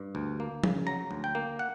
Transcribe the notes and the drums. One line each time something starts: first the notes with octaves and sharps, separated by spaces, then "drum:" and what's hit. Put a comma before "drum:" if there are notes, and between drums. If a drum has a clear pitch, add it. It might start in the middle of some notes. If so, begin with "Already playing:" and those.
Already playing: G2
D2
A#3
C#3, drum: tom F3
F#3 A#5
D2
G5
A#3
F#5